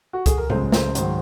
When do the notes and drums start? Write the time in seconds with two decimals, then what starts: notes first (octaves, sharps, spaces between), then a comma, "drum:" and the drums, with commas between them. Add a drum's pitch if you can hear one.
0.13 F#4
0.26 G#4, drum: kick, hi-hat
0.38 A#4
0.50 C#2 C#3 G#3 C5, drum: tom A2
0.72 C5, drum: snare
0.95 G#2 D#3 F#3 C5, drum: hi-hat